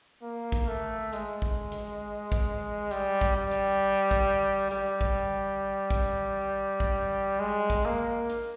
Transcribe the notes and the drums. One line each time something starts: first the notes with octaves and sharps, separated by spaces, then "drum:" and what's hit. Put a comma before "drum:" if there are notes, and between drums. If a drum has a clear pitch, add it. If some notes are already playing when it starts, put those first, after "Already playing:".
A#3
drum: kick, hi-hat
A3
G#3, drum: hi-hat
drum: kick
drum: hi-hat
drum: kick, hi-hat
G3, drum: hi-hat
drum: kick
G3
drum: hi-hat
drum: kick, hi-hat
G3, drum: hi-hat
drum: kick
drum: kick, hi-hat
drum: kick
G#3
drum: kick, hi-hat
A#3
drum: hi-hat